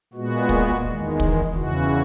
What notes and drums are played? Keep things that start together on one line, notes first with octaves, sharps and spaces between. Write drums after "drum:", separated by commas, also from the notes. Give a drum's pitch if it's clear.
A#2 G#3 B3 F#4
drum: kick
E2 D#3 G#3
drum: kick
E2 C#3 E3 F#4